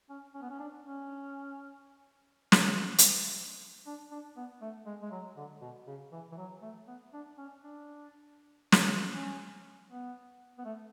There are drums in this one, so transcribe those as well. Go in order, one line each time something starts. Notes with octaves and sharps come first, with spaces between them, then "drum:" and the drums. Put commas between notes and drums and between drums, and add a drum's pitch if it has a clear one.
C#4
C#4
B3
C#4
D4
C#4
drum: snare
drum: hi-hat
D4
D4
B3
A3
G#3
G#3
F#3
D3
B2
C#3
E3
E3
F#3
A3
B3
D4
C#4
D4
drum: snare
C#4
B3
B3
A3